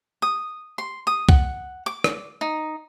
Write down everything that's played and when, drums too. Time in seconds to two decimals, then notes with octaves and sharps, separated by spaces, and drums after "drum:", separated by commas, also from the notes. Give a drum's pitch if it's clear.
0.22 D#6
0.78 C6
1.07 D#6
1.29 F#5, drum: kick C2
1.86 D6
2.04 drum: rim click
2.41 D#4